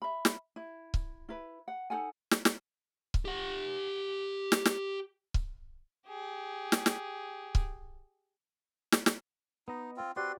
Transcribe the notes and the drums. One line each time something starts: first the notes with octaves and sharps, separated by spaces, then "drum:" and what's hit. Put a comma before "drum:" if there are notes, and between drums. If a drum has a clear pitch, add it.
E5 B5
drum: snare
E4
drum: kick C#1
E4 B4
F#5
D#4 A4 F#5 G#5
drum: snare
drum: snare
drum: kick C#1
G4 F#5
drum: snare
drum: snare
drum: kick C#1
G4 G#4
drum: snare
drum: snare
drum: kick C#1
drum: snare
drum: snare
B3 D#4 D#5
C4 F4
C4 F#4 G4 B4 D5 C6